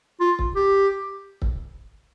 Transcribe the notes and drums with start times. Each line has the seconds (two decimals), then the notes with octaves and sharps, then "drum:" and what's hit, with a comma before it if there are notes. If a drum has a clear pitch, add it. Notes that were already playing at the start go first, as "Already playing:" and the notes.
0.20 F4
0.39 drum: kick
0.56 G4
1.42 drum: kick